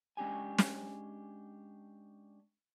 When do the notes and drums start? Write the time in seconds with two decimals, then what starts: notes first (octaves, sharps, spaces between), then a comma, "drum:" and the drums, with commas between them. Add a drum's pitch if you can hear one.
0.17 G#3 C#4 D4 G4 G#5
0.58 drum: snare